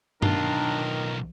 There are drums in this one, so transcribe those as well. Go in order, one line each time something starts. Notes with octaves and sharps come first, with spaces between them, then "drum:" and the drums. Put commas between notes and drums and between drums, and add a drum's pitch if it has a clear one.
B1 D#3 D4 F4 A#4, drum: tom